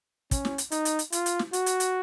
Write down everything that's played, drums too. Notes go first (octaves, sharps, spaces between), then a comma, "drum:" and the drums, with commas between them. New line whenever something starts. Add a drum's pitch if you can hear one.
C#4, drum: kick, hi-hat
drum: snare
drum: hi-hat
D#4, drum: hi-hat
drum: hi-hat
drum: hi-hat
F4, drum: hi-hat
drum: hi-hat
drum: snare
F#4, drum: hi-hat
drum: hi-hat
drum: hi-hat